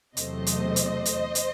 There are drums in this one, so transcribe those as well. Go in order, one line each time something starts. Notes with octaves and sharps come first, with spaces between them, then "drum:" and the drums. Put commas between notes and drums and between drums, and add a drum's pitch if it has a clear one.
E2 C3 F#3 A3 C5 D#5, drum: hi-hat
drum: hi-hat
drum: hi-hat
drum: hi-hat
drum: hi-hat